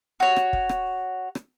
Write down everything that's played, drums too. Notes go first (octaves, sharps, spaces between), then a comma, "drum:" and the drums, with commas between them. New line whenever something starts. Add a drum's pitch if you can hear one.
F#4 C#5
drum: rim click
drum: kick
drum: rim click
drum: rim click